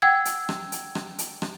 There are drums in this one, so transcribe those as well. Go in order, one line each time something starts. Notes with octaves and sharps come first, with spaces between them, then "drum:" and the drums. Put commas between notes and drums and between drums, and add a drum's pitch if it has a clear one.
F#5 G5 E6 G#6
drum: hi-hat
drum: rim click
drum: hi-hat
drum: rim click
drum: hi-hat
drum: rim click